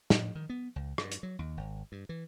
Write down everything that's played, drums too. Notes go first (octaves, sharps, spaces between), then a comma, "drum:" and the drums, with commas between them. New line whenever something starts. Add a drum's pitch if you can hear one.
A2, drum: snare
D#3
B3
C#2
G2, drum: rim click
drum: hi-hat
F#3
D#2
G#1
G2
E3